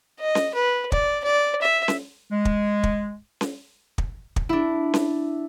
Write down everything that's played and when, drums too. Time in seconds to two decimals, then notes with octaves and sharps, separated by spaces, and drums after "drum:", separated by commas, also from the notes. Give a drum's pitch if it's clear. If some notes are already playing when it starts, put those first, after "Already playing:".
0.20 D#5
0.35 drum: snare C#4
0.54 B4
0.92 D5, drum: kick
1.24 D5
1.62 E5
1.88 drum: snare C#4
2.31 G#3
2.45 drum: kick
2.83 drum: kick
3.41 drum: snare C#4
3.98 drum: kick
4.36 drum: kick
4.49 D4 E4
4.94 drum: snare C#4